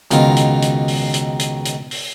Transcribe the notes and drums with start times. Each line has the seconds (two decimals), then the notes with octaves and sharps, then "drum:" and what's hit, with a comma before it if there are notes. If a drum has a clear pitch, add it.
0.11 C#2 B2 D#3 F4, drum: hi-hat
0.36 drum: hi-hat
0.62 drum: hi-hat
0.88 drum: open hi-hat
1.14 drum: hi-hat
1.39 drum: hi-hat
1.65 drum: hi-hat
1.91 drum: open hi-hat